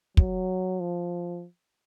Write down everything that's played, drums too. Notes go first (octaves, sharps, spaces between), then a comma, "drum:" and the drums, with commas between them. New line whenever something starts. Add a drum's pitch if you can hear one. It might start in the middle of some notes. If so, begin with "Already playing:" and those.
F#3, drum: kick
F3